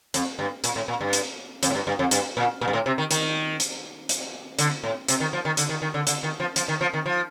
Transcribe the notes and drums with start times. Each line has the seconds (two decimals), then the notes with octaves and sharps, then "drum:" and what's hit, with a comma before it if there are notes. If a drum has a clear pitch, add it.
0.14 F2, drum: hi-hat
0.39 G2
0.64 A#2, drum: hi-hat
0.76 A2
0.88 A#2
1.01 G2
1.13 drum: hi-hat
1.63 F2, drum: hi-hat
1.70 A2
1.75 G2
1.87 G2
1.99 F2
2.11 G2, drum: hi-hat
2.37 A#2
2.61 A#2
2.68 G2
2.73 A2
2.86 C3
2.98 D#3
3.11 D#3, drum: hi-hat
3.60 drum: hi-hat
4.09 drum: hi-hat
4.59 D3, drum: hi-hat
4.83 A2
5.08 C3, drum: hi-hat
5.20 D#3
5.33 F3
5.45 D#3
5.57 D3, drum: hi-hat
5.69 D#3
5.82 D#3
5.94 D3
6.07 D3, drum: hi-hat
6.23 D#3
6.40 F3
6.56 F3, drum: hi-hat
6.68 D#3
6.81 F3
6.94 D#3
7.06 F3